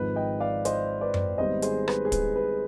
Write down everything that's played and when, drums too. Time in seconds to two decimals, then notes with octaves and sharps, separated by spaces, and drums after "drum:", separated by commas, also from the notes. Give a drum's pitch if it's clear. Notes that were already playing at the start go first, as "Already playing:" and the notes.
Already playing: G#1 G#2 F3 G#3 B4
0.16 D#5 G5
0.40 D5 F5
0.65 C5 D#5, drum: hi-hat
1.01 B4 D5
1.14 drum: tom F#2
1.38 G#1 G#2 G3 B3 C5 D#5
1.62 G#4 C5, drum: hi-hat
1.88 B4, drum: rim click
2.05 G#4
2.12 B4, drum: kick, hi-hat
2.36 B4